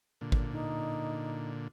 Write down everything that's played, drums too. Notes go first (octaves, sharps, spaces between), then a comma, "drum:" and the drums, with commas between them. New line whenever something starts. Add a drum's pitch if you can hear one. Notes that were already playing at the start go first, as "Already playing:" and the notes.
A#2 D3
drum: kick G#1
D#4